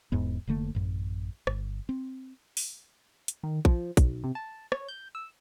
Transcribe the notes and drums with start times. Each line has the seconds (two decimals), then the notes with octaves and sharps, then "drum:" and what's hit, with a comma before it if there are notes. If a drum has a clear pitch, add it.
0.12 E1 E2 G#2 B3
0.47 F1 D3 A3 A#3
0.75 A1 F#2
1.47 G1, drum: rim click
1.89 C4
2.57 drum: open hi-hat
3.28 drum: hi-hat
3.43 D#3
3.65 F3, drum: kick
3.97 B1, drum: kick, hi-hat
4.24 C3
4.35 A5
4.72 C#5, drum: rim click
4.88 G6
5.15 E6